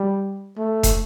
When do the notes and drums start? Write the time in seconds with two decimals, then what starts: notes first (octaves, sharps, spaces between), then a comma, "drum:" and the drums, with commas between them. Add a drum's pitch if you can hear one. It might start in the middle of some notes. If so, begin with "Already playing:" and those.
Already playing: G3
0.58 A3
0.83 drum: kick, hi-hat